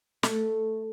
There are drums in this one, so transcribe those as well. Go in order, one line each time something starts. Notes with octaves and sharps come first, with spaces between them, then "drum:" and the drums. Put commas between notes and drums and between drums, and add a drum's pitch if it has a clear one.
A3, drum: snare